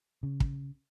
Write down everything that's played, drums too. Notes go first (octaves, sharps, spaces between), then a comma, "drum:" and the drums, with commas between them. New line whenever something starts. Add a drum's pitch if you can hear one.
C#3
drum: kick